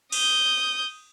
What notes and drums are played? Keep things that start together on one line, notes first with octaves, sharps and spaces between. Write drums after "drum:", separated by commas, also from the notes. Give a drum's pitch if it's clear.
D#6 G6, drum: cymbal